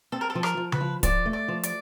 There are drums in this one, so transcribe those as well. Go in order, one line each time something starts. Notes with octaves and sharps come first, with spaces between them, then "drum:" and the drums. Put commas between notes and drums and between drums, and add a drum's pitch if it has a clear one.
C4 A4
A#4
A4
F3
A#4, drum: rim click
F3
B4, drum: tom C#3
F3
F3 D5, drum: kick, hi-hat
A3
D5
F3
D5, drum: hi-hat